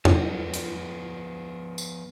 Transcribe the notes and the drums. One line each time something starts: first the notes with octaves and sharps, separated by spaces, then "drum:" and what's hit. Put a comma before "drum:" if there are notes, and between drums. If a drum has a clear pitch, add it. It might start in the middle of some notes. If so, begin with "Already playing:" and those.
F3 B3, drum: tom E2
drum: hi-hat
drum: tambourine